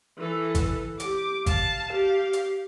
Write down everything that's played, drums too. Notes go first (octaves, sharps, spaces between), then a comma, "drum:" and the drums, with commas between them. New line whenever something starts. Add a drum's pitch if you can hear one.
E3 A4
drum: kick G#1, hi-hat
G4 D6, drum: hi-hat
F5 A5, drum: kick G#1, hi-hat
G4 F5
drum: hi-hat